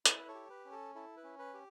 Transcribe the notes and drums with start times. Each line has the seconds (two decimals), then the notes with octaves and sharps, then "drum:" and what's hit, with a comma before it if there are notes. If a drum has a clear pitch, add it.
0.05 E4 B4, drum: hi-hat
0.19 B4
0.28 A4 C#5
0.35 G4
0.50 B4
0.65 C#4
0.72 A4
0.95 E4 A4
1.17 B4
1.24 C#4
1.39 B4
1.54 G4